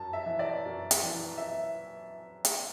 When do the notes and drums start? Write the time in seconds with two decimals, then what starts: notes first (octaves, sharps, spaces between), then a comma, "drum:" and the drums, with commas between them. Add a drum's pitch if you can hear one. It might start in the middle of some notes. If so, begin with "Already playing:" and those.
Already playing: F#2 A5
0.13 E5
0.26 E3
0.39 D5
0.66 F#2
0.91 drum: hi-hat
1.03 E3
1.38 E5
2.45 drum: hi-hat